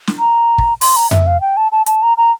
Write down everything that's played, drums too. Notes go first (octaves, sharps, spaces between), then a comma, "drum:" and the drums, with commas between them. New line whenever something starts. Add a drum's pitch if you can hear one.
drum: snare
A#5
drum: kick
C6, drum: open hi-hat
A#5
E5, drum: tom F2
F5
G5
A5
A5
A5, drum: hi-hat
A#5
A#5